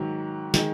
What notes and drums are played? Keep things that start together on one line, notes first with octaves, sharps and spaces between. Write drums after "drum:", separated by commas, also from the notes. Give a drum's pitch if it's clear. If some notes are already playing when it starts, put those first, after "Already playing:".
Already playing: G#2 D#3 F#3
D#3 G#3, drum: snare